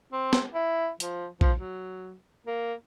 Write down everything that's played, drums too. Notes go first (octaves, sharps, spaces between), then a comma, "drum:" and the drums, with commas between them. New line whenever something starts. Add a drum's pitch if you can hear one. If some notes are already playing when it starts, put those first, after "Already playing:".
C4
drum: snare
E4
F3, drum: hi-hat
F3, drum: kick A#1
F#3
A#3